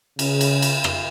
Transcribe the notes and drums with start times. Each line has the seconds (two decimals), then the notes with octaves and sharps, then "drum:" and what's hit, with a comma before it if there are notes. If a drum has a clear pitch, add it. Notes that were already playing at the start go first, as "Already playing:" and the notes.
0.19 C#3, drum: cymbal
0.41 drum: cymbal
0.62 drum: cymbal
0.84 drum: rim click